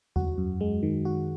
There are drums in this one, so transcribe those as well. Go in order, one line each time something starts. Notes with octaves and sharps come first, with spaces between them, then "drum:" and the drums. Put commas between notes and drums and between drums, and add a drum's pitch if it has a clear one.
F#4, drum: tom E2
F#2
G#3
D#3
F#4